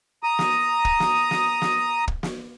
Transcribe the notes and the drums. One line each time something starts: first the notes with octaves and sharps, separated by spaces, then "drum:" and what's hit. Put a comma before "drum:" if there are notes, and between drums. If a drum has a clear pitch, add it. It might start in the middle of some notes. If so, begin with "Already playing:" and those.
A#5 D#6
drum: snare
drum: kick
drum: snare
drum: snare
drum: snare
drum: kick
drum: snare